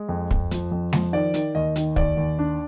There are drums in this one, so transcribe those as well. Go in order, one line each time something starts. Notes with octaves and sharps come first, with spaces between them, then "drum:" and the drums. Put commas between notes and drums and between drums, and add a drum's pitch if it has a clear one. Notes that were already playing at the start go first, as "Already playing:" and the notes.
Already playing: G#3
F2
F2, drum: kick
F3, drum: hi-hat
F2
F3, drum: snare G#3
D#3 D5
D#3, drum: hi-hat
D#2 D#5
D#3, drum: hi-hat
D#2 D5, drum: kick
D#2
D4